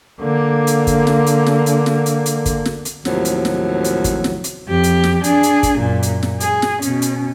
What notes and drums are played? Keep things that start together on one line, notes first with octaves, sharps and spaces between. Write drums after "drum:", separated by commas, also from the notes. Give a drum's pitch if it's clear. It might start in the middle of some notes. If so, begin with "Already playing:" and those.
D3 A#3
drum: hi-hat
drum: kick, hi-hat
drum: snare
drum: hi-hat
drum: snare
drum: hi-hat
drum: snare
drum: hi-hat
drum: hi-hat
drum: kick, hi-hat
drum: snare
drum: hi-hat
D#2 A2 C3 F3 F#3, drum: snare
drum: hi-hat
drum: snare
drum: hi-hat
drum: kick, hi-hat
drum: snare
drum: hi-hat
F2 G4
drum: hi-hat
drum: snare
D4 G#4, drum: hi-hat
drum: hi-hat
drum: kick, hi-hat
F#2 A#2
drum: hi-hat
drum: snare
G#4, drum: hi-hat
drum: snare
B2 C#4, drum: hi-hat
drum: hi-hat